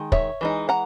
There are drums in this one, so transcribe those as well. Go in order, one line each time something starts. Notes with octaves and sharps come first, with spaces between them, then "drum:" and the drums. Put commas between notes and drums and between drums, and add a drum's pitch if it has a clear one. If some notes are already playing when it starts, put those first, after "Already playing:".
Already playing: D#3 G#3
C#5 E5, drum: kick
E3 G#3 D#4
F#5 A#5